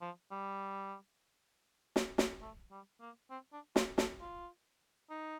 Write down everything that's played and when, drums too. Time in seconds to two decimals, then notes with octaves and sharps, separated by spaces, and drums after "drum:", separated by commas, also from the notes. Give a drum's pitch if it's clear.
0.01 F3
0.31 G3
1.96 drum: snare
2.18 drum: snare
2.41 A3
2.71 G3
3.01 A#3
3.31 C4
3.53 D4
3.76 F4, drum: snare
3.98 A4, drum: snare
4.20 F4
5.10 D#4